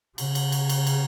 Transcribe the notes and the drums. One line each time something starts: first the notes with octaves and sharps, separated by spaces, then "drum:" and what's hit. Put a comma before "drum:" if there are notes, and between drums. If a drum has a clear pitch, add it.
C#3, drum: cymbal
drum: cymbal
drum: cymbal
drum: cymbal
drum: cymbal